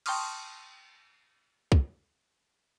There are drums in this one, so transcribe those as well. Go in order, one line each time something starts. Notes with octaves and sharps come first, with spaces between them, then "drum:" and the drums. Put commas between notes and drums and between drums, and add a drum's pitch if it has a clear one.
G5 A5 C6 C#6 D#6 F6, drum: cymbal
drum: kick